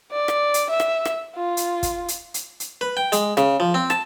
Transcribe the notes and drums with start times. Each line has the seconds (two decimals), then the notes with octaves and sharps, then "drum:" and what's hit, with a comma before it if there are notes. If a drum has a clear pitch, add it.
0.12 D5
0.28 drum: rim click
0.54 drum: hi-hat
0.70 E5
0.80 drum: rim click
1.05 drum: rim click
1.35 F4
1.57 drum: hi-hat
1.83 drum: kick, hi-hat
2.08 drum: hi-hat
2.34 drum: hi-hat
2.60 drum: hi-hat
2.81 B4
2.97 G5
3.12 G#3, drum: hi-hat
3.37 C#3, drum: rim click
3.60 F3
3.74 C4
3.90 A5, drum: rim click